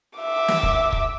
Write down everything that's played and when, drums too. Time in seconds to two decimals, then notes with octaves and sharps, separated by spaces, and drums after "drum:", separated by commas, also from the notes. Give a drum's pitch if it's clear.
0.19 E5 D6
0.48 drum: snare
0.63 drum: kick
0.93 drum: kick